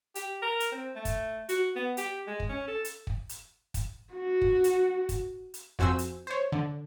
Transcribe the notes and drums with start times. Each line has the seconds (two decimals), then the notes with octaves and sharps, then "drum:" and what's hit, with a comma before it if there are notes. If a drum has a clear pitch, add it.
0.15 G4, drum: hi-hat
0.42 A#4
0.60 drum: hi-hat
0.71 C4
0.96 A3
1.05 drum: kick, hi-hat
1.49 F#4, drum: hi-hat
1.76 B3
1.97 G4, drum: hi-hat
2.27 G#3
2.40 drum: kick
2.49 C#4
2.67 A4
2.85 drum: hi-hat
3.07 drum: kick
3.29 drum: hi-hat
3.74 drum: kick, hi-hat
4.14 F#4
4.42 drum: kick
4.64 drum: hi-hat
5.09 drum: kick, hi-hat
5.54 drum: hi-hat
5.79 F2 F#4 C5 G#5 E6, drum: kick
5.99 drum: hi-hat
6.27 C5 C#5
6.52 D3